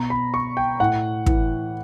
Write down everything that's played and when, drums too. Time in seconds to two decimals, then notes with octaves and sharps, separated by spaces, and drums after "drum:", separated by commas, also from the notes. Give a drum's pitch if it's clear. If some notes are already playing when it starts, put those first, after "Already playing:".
Already playing: B2 A#5
0.10 B5
0.34 C#6
0.57 G5
0.80 A2 F#5
1.26 E3, drum: kick